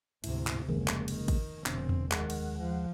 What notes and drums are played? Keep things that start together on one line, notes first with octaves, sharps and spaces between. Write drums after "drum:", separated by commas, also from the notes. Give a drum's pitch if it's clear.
D2 G#2 C3 E4, drum: cymbal
drum: clap
F1 C#3 G#3 A#3, drum: tom D3
drum: clap
D#3, drum: cymbal
drum: kick, cymbal
F1 B2 D3 C4, drum: clap
drum: tom E2
D#2 D#3 G#3 F#5, drum: clap
drum: cymbal
F3